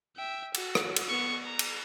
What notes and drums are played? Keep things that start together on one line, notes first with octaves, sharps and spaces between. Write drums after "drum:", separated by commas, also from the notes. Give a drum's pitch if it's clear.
E5 G5
F#4, drum: cymbal
drum: rim click
drum: cymbal
B3 C#6
A#5
drum: cymbal